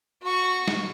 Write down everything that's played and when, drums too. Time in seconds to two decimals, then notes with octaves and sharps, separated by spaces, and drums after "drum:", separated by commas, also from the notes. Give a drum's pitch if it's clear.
0.23 F#4 C#6
0.68 drum: snare